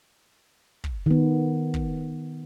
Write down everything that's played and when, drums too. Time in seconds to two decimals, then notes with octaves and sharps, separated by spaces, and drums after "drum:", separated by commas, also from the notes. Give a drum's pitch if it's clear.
0.84 drum: kick
1.06 D#3 B3
1.74 drum: kick